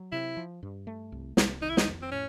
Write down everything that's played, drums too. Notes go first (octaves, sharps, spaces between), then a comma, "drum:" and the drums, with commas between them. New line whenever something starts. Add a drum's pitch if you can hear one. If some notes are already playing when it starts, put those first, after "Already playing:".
Already playing: F#3
C3 E4
F3
G2
A3
C2
C2, drum: snare
D#3 D#4
E4
D#4, drum: snare
F2
C4
A2 C#4